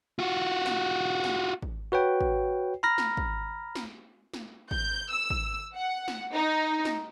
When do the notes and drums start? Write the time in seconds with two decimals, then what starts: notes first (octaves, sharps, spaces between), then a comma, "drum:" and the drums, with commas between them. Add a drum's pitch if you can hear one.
0.19 F4 F#4
0.66 drum: snare
1.24 drum: snare
1.62 drum: kick
1.92 F#4 B4 C#5 G5
2.21 drum: kick
2.83 A#5 B5 F6 A#6
2.98 drum: snare
3.17 drum: kick
3.75 drum: snare
4.34 drum: snare
4.71 G6, drum: kick
5.11 E6
5.30 drum: kick
5.75 F#5
6.08 drum: snare
6.33 D#4
6.85 drum: snare